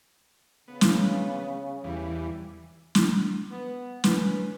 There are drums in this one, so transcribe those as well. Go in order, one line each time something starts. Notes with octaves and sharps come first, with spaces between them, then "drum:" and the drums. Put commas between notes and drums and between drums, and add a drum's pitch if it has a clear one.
C#3 B3
drum: snare
E2 E3 G3
drum: snare
B3
C#4 B4, drum: snare